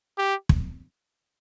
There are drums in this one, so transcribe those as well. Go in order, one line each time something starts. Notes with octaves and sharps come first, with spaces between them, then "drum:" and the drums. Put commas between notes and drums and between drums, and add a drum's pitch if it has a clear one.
G4
drum: kick